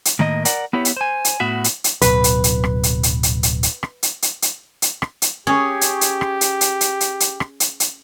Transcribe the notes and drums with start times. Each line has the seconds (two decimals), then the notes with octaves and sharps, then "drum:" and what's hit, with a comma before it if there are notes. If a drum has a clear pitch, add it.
0.05 drum: hi-hat
0.19 A2 D#3 A#3 D#5
0.45 A#4 D5 F#5, drum: hi-hat
0.73 B3 E4 G4 C#5
0.85 drum: hi-hat
0.97 C5 G#5
1.25 drum: hi-hat
1.40 A2 B3 F#4 E5
1.64 drum: hi-hat
1.84 drum: hi-hat
2.02 D1 B2 F#3 B4, drum: hi-hat
2.24 drum: hi-hat
2.44 drum: hi-hat
2.64 drum: rim click
2.83 drum: hi-hat
3.03 drum: hi-hat
3.23 drum: hi-hat
3.43 drum: hi-hat
3.63 drum: hi-hat
3.83 drum: rim click
4.03 drum: hi-hat
4.22 drum: hi-hat
4.42 drum: hi-hat
4.82 drum: hi-hat
5.02 drum: rim click
5.22 drum: hi-hat
5.47 C#4 G4 G#4 C#5
5.81 drum: hi-hat
6.01 drum: hi-hat
6.21 drum: rim click
6.41 drum: hi-hat
6.61 drum: hi-hat
6.81 drum: hi-hat
7.00 drum: hi-hat
7.20 drum: hi-hat
7.40 drum: rim click
7.60 drum: hi-hat
7.80 drum: hi-hat